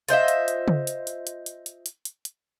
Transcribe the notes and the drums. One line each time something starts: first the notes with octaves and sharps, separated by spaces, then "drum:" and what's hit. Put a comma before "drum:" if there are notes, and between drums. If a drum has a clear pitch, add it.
F4 C5 D#5 E5, drum: hi-hat
drum: hi-hat
drum: hi-hat
drum: tom C#3
drum: hi-hat
drum: hi-hat
drum: hi-hat
drum: hi-hat
drum: hi-hat
drum: hi-hat
drum: hi-hat
drum: hi-hat